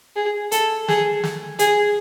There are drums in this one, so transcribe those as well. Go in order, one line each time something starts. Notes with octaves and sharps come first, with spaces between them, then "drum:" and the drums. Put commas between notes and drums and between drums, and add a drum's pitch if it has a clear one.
G#4
A4, drum: hi-hat
G#4, drum: snare
drum: snare
G#4, drum: hi-hat